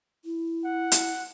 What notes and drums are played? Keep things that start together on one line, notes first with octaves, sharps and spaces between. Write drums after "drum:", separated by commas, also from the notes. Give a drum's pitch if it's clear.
E4
F#5
drum: hi-hat